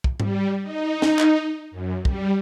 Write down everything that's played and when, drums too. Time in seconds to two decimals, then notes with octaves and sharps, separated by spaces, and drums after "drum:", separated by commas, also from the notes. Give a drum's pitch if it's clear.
0.04 drum: kick
0.20 G3, drum: tom G#2
0.62 D#4
1.02 drum: snare
1.19 drum: clap
1.71 F#2
2.05 G3, drum: kick